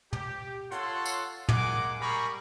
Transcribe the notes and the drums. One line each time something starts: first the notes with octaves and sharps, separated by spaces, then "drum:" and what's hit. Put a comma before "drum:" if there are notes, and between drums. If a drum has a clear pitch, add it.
G4, drum: tom
F4 A4 C#5 F#5 C6, drum: hi-hat
drum: tambourine
G#3 A#3 F#5 G#5 D6, drum: tom
G3 G#4 A#4 A#5 B5 C#6